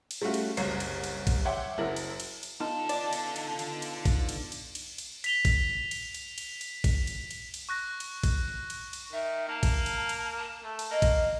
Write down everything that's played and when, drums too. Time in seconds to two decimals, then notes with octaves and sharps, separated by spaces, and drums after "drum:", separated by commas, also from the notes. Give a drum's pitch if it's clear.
0.11 drum: cymbal
0.22 G3 A3 C#4 F4 F#4
0.34 drum: cymbal
0.57 F#1 C2 C#5 C7, drum: cymbal
0.80 drum: cymbal
1.04 drum: cymbal
1.27 drum: kick, cymbal
1.45 C#5 E5 F#5 G5 C6 D6
1.78 F#1 F#2 E4 A#4 F#7
1.96 drum: cymbal
2.20 drum: cymbal
2.43 drum: cymbal
2.60 D3 B3 D#4 F4 A5
2.89 D5, drum: cymbal
3.13 drum: cymbal
3.36 drum: cymbal
3.59 drum: cymbal
3.82 drum: cymbal
4.05 drum: kick, cymbal
4.29 drum: cymbal
4.52 drum: cymbal
4.75 drum: cymbal
4.98 drum: cymbal
5.24 B6 F7 G7, drum: cymbal
5.45 drum: kick, cymbal
5.91 drum: cymbal
6.14 drum: cymbal
6.38 drum: cymbal
6.61 drum: cymbal
6.84 drum: kick, cymbal
7.07 drum: cymbal
7.31 drum: cymbal
7.54 drum: cymbal
7.69 C#6 F#6 A#6
8.00 drum: cymbal
8.23 drum: kick, cymbal
8.70 drum: cymbal
8.93 drum: cymbal
9.12 D#3 E5
9.49 A#3 A5
9.63 drum: kick, cymbal
9.86 drum: cymbal
10.09 drum: cymbal
10.37 A5
10.63 A3
10.79 drum: cymbal
10.91 A#3 D#5
11.02 drum: kick, cymbal